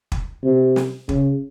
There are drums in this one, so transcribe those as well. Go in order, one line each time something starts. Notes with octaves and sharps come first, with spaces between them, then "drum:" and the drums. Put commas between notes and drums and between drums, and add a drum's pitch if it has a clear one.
drum: kick
C3
drum: snare
C#3, drum: kick